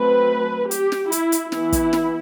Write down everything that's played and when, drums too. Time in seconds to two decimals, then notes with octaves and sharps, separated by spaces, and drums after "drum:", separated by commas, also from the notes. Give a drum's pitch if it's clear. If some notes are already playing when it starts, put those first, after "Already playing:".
Already playing: F#3 A3 C4 B4
0.71 G4, drum: hi-hat
0.92 drum: snare
1.12 E4, drum: hi-hat
1.32 drum: hi-hat
1.52 E3 B3 E4, drum: snare
1.73 drum: kick, hi-hat
1.93 drum: snare